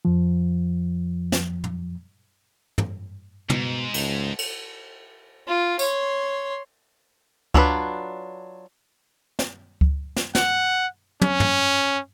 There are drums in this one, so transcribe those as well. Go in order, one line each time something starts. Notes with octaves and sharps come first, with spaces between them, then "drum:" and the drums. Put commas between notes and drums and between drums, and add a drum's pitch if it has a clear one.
F2 F3
drum: snare
drum: tom
drum: tom
G#2 B2, drum: tom
C#2, drum: cymbal
drum: cymbal
F4
C#5 C6, drum: tambourine
F#3 D4 F4 A4 B4, drum: kick C#2
drum: snare
drum: kick C#2
drum: snare
F#5, drum: snare
C#4, drum: tom
drum: tom